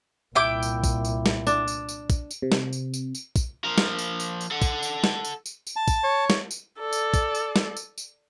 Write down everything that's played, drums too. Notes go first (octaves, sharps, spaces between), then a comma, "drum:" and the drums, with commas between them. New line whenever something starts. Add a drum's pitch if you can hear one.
C2 A#2 E4 G5 D6
drum: tambourine
drum: kick, tambourine
drum: tambourine
drum: snare
D4, drum: tambourine
drum: tambourine
drum: tambourine
drum: kick, tambourine
drum: tambourine
C3
drum: snare
drum: tambourine
drum: tambourine
drum: tambourine
drum: kick, tambourine
F3 A#4
drum: snare
drum: tambourine
drum: tambourine
drum: tambourine
A4 F#5
drum: kick, tambourine
drum: tambourine
drum: snare
drum: tambourine
drum: tambourine
drum: tambourine
A5
drum: kick, tambourine
C#5
drum: snare
drum: tambourine
A4 D5
drum: tambourine
drum: kick, tambourine
drum: tambourine
drum: snare
drum: tambourine
drum: tambourine